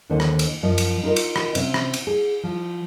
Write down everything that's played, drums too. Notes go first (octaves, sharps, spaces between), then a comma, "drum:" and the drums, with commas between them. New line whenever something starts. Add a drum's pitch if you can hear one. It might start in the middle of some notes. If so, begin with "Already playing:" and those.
D#2 D3 D#3 C5 F#5
drum: rim click
drum: cymbal
F#2 F3 D#5
drum: cymbal
D#4 F4 A4 A#4 D#5
drum: cymbal
drum: rim click
C3 C4 C#4, drum: cymbal
drum: rim click
drum: cymbal
G#4
F3